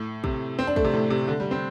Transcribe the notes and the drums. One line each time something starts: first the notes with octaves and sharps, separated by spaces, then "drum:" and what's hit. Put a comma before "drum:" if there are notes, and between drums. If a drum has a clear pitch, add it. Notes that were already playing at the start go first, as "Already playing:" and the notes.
Already playing: A2
C3, drum: kick
C4
D4
A3, drum: kick
C3
A2
C3
D3
G3
C4